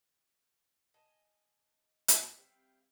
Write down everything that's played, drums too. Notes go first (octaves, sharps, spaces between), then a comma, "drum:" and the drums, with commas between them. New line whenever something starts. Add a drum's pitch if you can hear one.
D#5 G#5 A5
drum: hi-hat
G3 C4 E4 F5 G5